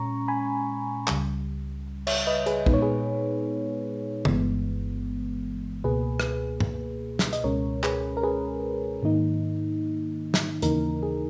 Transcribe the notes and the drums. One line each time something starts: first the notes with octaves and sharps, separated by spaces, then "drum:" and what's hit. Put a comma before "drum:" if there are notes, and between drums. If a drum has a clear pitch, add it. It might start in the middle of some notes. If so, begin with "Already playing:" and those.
Already playing: A#2 G#3 C#4 A#5 C#6
G#5 B5
C#2 C#3 G3, drum: clap
C#5 E5, drum: cymbal
B4 D#5
G#4 B4, drum: hi-hat
A#2 G#3 B3 D#4 B4, drum: kick
C#5
G#4 B4
G1 G2 E3 G#3 B3, drum: tom
C#2 B2 A#3 G#4 B4
drum: rim click
drum: tom G2
drum: snare
D#5, drum: hi-hat
C#2 B2 G#3 C#4 A#4 C#5
G#4 B4, drum: clap
A#4
G#4 B4
G#2 D#3 A#3 D#4
drum: snare
D#2 C#3 E3 A#3 D#4 A#4, drum: hi-hat
G#4